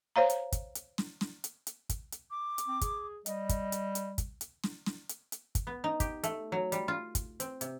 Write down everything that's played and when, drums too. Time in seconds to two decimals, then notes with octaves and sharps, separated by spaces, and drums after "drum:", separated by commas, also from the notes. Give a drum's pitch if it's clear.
0.16 C5 C#5 F5 A#5
0.30 drum: hi-hat
0.52 drum: kick, hi-hat
0.75 drum: hi-hat
0.98 drum: snare
1.21 drum: snare
1.44 drum: hi-hat
1.67 drum: hi-hat
1.89 drum: kick, hi-hat
2.12 drum: hi-hat
2.31 D6
2.58 drum: hi-hat
2.68 C4
2.81 G#4, drum: kick, hi-hat
3.26 G3 D#5, drum: hi-hat
3.49 drum: kick, hi-hat
3.72 drum: hi-hat
3.95 drum: hi-hat
4.18 drum: kick, hi-hat
4.41 drum: hi-hat
4.64 drum: snare
4.86 drum: snare
5.09 drum: hi-hat
5.32 drum: hi-hat
5.55 drum: kick, hi-hat
5.67 B3
5.84 D#4
6.00 G4, drum: kick, hi-hat
6.23 A3, drum: hi-hat
6.52 F#3
6.72 G3, drum: hi-hat
6.88 F4
7.15 drum: kick, hi-hat
7.40 C4, drum: hi-hat
7.61 C3, drum: hi-hat